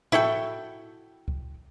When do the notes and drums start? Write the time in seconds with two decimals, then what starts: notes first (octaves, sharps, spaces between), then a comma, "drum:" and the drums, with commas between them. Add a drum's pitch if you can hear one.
0.12 E4 F#4 A4 G5, drum: tom A2
1.28 drum: kick C#2